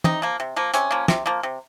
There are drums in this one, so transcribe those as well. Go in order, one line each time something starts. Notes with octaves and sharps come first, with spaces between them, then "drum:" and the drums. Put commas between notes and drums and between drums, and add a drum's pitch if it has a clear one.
C3 D#4, drum: tom
F3 A#3
C3
F3 A#3
C3 C#4, drum: hi-hat
F3 A#3
C3, drum: snare
F3 A#3
C3